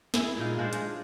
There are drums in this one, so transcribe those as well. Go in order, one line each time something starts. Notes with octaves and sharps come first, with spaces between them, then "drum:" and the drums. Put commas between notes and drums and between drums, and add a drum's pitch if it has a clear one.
E4 G#4, drum: snare
A#2 G#3 D#4 F4
G#3 D4 F4 C5
G#3, drum: hi-hat